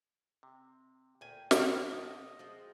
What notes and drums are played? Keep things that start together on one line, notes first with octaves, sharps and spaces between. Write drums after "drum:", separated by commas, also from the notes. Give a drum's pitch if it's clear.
C3
D2 A#2 G5 G#5
B2 G4 B4 G5, drum: snare
F3 A3 F#4 D#5
F3 G#3 C4